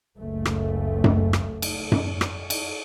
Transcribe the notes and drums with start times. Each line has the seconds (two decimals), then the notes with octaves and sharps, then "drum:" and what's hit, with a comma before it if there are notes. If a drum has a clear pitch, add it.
0.16 F#1 C#2 A3
0.45 drum: rim click
1.04 drum: tom F#2
1.33 drum: rim click
1.62 drum: cymbal
1.92 drum: tom F#2
2.21 drum: rim click
2.50 drum: cymbal